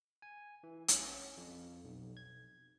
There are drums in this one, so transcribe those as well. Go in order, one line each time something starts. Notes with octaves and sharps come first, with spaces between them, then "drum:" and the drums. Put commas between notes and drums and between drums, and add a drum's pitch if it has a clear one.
G#5
E3
C#4, drum: hi-hat
F2
B1
G#6